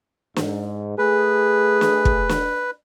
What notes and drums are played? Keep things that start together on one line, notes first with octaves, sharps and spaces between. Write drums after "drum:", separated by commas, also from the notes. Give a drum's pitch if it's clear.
G#2, drum: snare
A3 G#4 B4
drum: snare
drum: kick
drum: snare